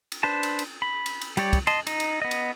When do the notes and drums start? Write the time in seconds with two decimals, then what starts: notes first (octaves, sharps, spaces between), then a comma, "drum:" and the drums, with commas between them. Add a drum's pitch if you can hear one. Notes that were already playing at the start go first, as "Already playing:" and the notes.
0.12 drum: cymbal
0.23 D4 B4 C5 A5
0.43 drum: cymbal
0.59 drum: cymbal
0.82 B5
1.06 drum: cymbal
1.21 drum: cymbal
1.37 G3 G4 C#5 D5, drum: cymbal
1.53 drum: kick, cymbal
1.67 D#5 A5 C6, drum: cymbal
1.87 D#4, drum: cymbal
2.00 drum: cymbal
2.22 B3 D#5
2.31 drum: cymbal